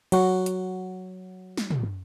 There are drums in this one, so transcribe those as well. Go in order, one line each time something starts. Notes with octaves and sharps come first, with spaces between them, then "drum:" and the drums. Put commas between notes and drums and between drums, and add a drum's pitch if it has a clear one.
F#3 F#4 F#5, drum: cymbal
drum: hi-hat
drum: snare
drum: tom